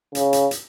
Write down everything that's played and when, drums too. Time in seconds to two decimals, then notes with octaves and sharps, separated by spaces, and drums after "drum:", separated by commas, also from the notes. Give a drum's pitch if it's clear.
0.15 C#3, drum: hi-hat
0.33 drum: hi-hat
0.51 drum: hi-hat